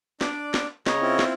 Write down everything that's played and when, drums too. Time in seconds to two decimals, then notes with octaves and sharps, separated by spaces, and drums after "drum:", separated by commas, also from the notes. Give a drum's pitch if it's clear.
0.21 D4 D5, drum: snare
0.54 drum: snare
0.86 C#3 C#5 D#5 A#5, drum: snare
1.01 C4 E4 F4
1.19 drum: snare